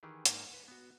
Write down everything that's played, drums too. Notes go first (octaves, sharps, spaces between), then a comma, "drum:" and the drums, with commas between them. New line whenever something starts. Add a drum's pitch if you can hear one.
D#3 E3 G4 G#4
G#2 A#3 D#4, drum: hi-hat
B4
B3 F#4